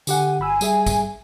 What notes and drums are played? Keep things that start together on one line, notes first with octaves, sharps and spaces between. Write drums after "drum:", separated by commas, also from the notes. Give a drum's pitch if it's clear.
D3 G4 F#5 G#5, drum: tambourine
G1 G#5 B5 E6
G3 G#4 E5, drum: tambourine
drum: kick, tambourine